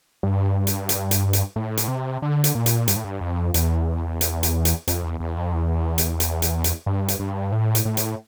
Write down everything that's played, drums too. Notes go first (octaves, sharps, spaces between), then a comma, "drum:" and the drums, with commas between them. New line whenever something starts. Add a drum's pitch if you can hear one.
G2
drum: hi-hat
drum: hi-hat
drum: hi-hat
drum: hi-hat
A2
drum: hi-hat
C3
D3
drum: hi-hat
A#2
drum: hi-hat
G2, drum: hi-hat
A2
G2
F2
E2, drum: hi-hat
drum: hi-hat
drum: hi-hat
drum: hi-hat
F2, drum: hi-hat
E2
E2
F2
E2
drum: hi-hat
drum: hi-hat
drum: hi-hat
drum: hi-hat
G2
drum: hi-hat
G2
A2
drum: hi-hat
A2
drum: hi-hat